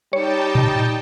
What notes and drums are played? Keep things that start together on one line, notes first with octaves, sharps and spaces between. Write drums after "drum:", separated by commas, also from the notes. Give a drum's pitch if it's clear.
G3 D#4 C#5 G5 A5
drum: tom A2